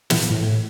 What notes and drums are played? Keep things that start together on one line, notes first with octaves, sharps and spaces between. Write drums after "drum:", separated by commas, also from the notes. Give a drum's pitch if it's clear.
E3, drum: snare
A2